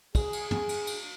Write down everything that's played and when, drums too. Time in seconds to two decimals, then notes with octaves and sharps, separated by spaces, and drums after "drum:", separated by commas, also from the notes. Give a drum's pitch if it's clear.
0.15 G#4, drum: kick, cymbal
0.33 drum: cymbal
0.51 drum: tom
0.69 drum: cymbal
0.87 drum: cymbal